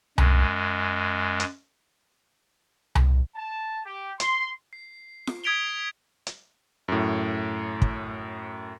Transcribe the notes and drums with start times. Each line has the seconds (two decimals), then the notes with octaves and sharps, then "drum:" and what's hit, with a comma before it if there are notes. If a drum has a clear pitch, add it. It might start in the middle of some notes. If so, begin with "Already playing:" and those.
0.18 F#2 G#3, drum: tom C2
1.40 drum: hi-hat
2.95 drum: tom C2
3.36 A5
3.85 G4
4.20 C6, drum: hi-hat
4.73 C7
5.27 drum: snare F4
5.44 D#6 G#6 B6 D7 F7 G7
6.27 drum: hi-hat
6.88 F#2 A2
7.82 drum: kick